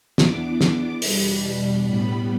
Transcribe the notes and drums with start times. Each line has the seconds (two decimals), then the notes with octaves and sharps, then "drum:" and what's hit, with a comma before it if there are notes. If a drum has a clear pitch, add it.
0.18 E2 E3 B3 D4 D6, drum: snare
0.61 D6, drum: snare
1.02 E2 B2 G3 D4 B5, drum: open hi-hat
1.85 A2 G3 B3 B5